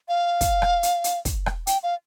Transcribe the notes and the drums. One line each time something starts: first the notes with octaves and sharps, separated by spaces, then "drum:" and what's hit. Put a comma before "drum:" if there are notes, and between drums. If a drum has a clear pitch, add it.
F5
drum: kick, hi-hat
drum: rim click
drum: hi-hat
drum: hi-hat
drum: kick, hi-hat
drum: rim click
G5, drum: hi-hat
F5